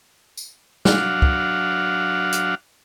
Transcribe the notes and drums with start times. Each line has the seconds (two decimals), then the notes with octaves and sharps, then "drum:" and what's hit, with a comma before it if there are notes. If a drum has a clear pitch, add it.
0.37 drum: tambourine
0.85 F#3 D4 F5 F#5, drum: snare
1.22 drum: kick
2.33 drum: hi-hat